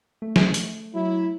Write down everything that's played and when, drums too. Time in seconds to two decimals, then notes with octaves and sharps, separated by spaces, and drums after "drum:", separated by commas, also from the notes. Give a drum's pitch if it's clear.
0.22 A3
0.36 drum: snare
0.54 drum: hi-hat
0.94 F#3 E4